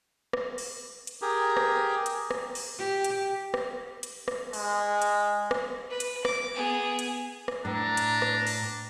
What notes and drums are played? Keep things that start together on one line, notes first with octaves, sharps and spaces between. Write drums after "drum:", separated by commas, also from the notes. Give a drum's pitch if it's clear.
drum: rim click
drum: open hi-hat
drum: hi-hat
G4 G#4 A#4
drum: rim click
drum: hi-hat
drum: rim click
drum: open hi-hat
G4
drum: hi-hat
drum: rim click
drum: hi-hat
drum: rim click
G#3, drum: open hi-hat
drum: hi-hat
drum: rim click
B4
drum: hi-hat
D6, drum: rim click
B3 G#4
drum: hi-hat
drum: rim click
A2 D4 A#5
drum: hi-hat
drum: rim click
drum: open hi-hat